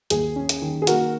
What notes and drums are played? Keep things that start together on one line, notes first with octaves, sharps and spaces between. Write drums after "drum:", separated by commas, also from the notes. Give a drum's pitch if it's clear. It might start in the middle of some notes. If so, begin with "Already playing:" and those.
D#2 G#4, drum: hi-hat
C#4
drum: hi-hat
D#3
G#4
A#3 F#4 A#4, drum: hi-hat